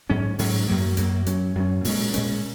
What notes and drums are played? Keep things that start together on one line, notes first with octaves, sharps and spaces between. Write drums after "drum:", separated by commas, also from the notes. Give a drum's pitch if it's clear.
G#2 F#3 C#4
G#2 F#3 C#4, drum: open hi-hat
F#2 F#3 A#3
F#2 F#3 A#3, drum: hi-hat
F#2 F#3 C#4, drum: hi-hat
F#2 F#3 C#4
A#2 G#3 C#4, drum: open hi-hat
A#2 G#3 C#4, drum: hi-hat